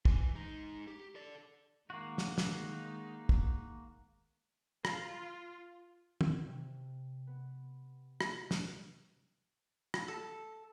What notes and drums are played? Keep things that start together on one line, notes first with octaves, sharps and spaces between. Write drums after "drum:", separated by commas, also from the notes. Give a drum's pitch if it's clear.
E3, drum: kick
G#3 D#4
G4
A4 D5
D#3 G#3 A#3 D#4 F#4
drum: snare
drum: snare
drum: kick
F4, drum: rim click
drum: tom
C3
B3
drum: rim click
drum: snare
drum: rim click
A4